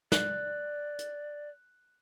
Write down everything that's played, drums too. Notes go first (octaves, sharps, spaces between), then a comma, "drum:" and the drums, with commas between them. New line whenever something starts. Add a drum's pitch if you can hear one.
D5 F#6, drum: snare
drum: hi-hat